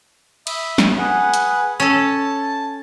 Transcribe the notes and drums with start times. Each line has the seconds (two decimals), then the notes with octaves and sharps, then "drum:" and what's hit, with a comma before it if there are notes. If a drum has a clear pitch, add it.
0.47 E5 B5 D#6, drum: cymbal
0.78 drum: snare
0.97 G#4 B4 F#5
1.34 drum: hi-hat
1.80 C#4 A4 A5